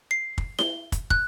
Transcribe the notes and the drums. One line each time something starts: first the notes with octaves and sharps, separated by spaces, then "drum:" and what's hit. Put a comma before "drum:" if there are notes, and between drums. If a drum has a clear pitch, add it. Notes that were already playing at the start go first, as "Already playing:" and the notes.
C7
drum: kick
G7, drum: snare E4
drum: kick, hi-hat
F#6, drum: kick